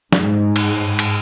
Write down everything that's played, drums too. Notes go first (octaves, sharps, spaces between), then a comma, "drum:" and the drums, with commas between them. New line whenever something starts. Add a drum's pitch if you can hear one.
G#2, drum: snare
drum: cymbal
drum: cymbal